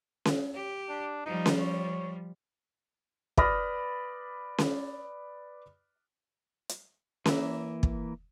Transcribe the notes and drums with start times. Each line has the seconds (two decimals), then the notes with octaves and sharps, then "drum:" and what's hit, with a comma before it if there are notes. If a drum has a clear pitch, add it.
0.25 drum: snare C#4
0.54 G4
0.89 D4
1.26 F3 G3 D#4
1.46 drum: snare C#4
1.60 C#5
3.37 B4 D5 B5 D#6 F6 A#6, drum: kick
4.58 drum: snare C#4
6.69 drum: hi-hat
7.26 E3 A#3 E5, drum: snare C#4
7.83 drum: kick